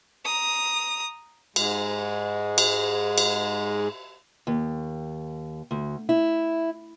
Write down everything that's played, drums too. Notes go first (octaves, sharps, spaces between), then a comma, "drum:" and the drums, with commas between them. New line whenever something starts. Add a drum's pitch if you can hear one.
A#5 D#6
G#2 G#3, drum: cymbal
drum: cymbal
drum: cymbal
D#2
D2
E4